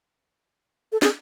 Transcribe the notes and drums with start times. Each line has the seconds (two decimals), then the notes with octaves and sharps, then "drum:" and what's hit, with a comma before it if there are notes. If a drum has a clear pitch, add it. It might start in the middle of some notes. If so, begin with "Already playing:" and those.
0.92 A4
1.02 G#4, drum: snare